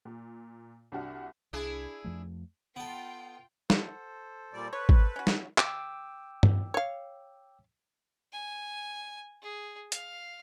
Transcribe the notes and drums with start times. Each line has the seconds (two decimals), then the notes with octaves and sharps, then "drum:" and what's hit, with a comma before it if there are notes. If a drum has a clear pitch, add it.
0.05 A#2
0.92 C2 D4 F#4 F6
1.53 C2 D4 E4 G#4
2.04 F2 F3 A3
2.76 B3 F4 A4 G5
3.70 A4 C5 F#5, drum: snare
4.53 A#2 G3 D5
4.73 B4 C#5
4.89 drum: kick G#1
5.16 C#4 F#4
5.27 drum: snare
5.58 G5 D6 E6, drum: clap
6.43 drum: tom G2
6.74 C#5 F5
8.32 G#5
9.42 G#4
9.92 F5, drum: hi-hat